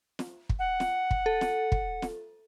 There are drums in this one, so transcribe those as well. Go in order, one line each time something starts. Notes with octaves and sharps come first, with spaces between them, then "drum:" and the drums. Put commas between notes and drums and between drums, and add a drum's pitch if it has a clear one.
drum: snare
drum: kick
F#5
drum: snare
drum: kick
A4
drum: snare
drum: kick
drum: snare